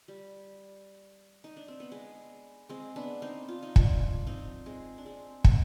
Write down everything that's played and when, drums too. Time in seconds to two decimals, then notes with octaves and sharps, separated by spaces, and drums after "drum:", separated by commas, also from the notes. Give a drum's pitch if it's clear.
0.08 G3
1.44 D#4
1.57 D4
1.68 C4
1.80 B3
1.92 G#3
2.69 G#3 C4
2.96 B3 D4
3.22 C4 D#4
3.48 F4
3.63 D#4
3.76 D4 F4, drum: kick
4.27 C4 D#4
4.66 G#3 C4
4.98 D4
5.06 G#3 C4
5.44 G#3 C4, drum: kick